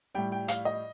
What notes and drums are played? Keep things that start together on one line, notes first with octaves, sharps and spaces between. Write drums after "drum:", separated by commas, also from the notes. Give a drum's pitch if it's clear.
A2 G3 G5
G5
F5, drum: hi-hat
D#5